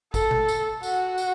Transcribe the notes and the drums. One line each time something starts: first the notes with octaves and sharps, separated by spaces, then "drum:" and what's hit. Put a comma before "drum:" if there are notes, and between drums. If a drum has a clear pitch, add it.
A4, drum: kick, tambourine
drum: tom B2
drum: tambourine
F#4, drum: tambourine
drum: tambourine